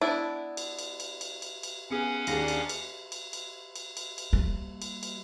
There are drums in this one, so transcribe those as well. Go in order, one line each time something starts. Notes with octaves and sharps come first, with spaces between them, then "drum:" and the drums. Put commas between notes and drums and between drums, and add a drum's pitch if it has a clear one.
B3 D4 E4
drum: cymbal
drum: cymbal
drum: cymbal
drum: cymbal
drum: cymbal
drum: cymbal
B3 C#4 G#4 F5 F#5
D#2 A#3 D4 G#4 A#6, drum: cymbal
drum: cymbal
drum: cymbal
drum: cymbal
drum: cymbal
drum: cymbal
drum: cymbal
drum: cymbal
G3 A#3
drum: cymbal
drum: cymbal